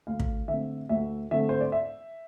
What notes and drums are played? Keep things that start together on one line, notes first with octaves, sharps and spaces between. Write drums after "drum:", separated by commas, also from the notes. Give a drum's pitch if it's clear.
D2 F5
drum: kick
D3 A3 C4 E5
D2 E5
D3 A3 C4 E5
C5
D5
E5